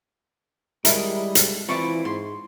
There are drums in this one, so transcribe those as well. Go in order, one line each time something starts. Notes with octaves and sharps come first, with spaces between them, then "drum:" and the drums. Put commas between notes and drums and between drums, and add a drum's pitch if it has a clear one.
G3 G#3 E4 A#4 D#5, drum: hi-hat
A4, drum: hi-hat
E3 C4 E4 F4 D5 B5 C#6
G#2 C6